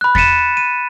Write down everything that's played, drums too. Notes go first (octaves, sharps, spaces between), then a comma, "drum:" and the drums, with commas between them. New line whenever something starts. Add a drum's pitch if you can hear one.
B5 F#6
A6 B6 C#7 D#7 E7, drum: kick E2
D#7